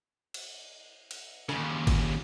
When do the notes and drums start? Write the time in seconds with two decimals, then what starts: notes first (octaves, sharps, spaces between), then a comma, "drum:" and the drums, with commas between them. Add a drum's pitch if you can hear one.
0.34 drum: cymbal
1.11 drum: cymbal
1.49 D#2 C#3, drum: snare
1.87 drum: kick, cymbal